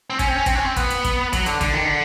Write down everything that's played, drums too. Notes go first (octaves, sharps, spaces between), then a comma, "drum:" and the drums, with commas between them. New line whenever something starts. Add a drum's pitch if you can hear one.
C4
C#4, drum: kick, hi-hat
C4
C#4
C4, drum: kick, hi-hat
C#4
C4
B3, drum: kick, hi-hat
drum: hi-hat
drum: kick, hi-hat
F#3, drum: kick, hi-hat
D3, drum: hi-hat
D3, drum: kick, hi-hat
D#3
D3